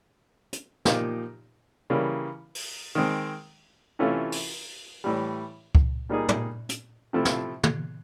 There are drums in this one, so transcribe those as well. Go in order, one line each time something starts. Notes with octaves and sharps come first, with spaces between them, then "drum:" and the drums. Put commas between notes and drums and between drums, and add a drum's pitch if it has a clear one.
drum: hi-hat
A#2 F3 A#3 D#4 G4, drum: snare
C#3 E3 G3 A#3
drum: open hi-hat
D#3 G#3 C4
C3 E3 A3 C#4 F4
drum: open hi-hat
A2 E3 G3
drum: kick C#2
A#2 G3 A#3 D#4 G#4
drum: tom
drum: hi-hat
C3 F3 A3 C4 E4
drum: snare
drum: tom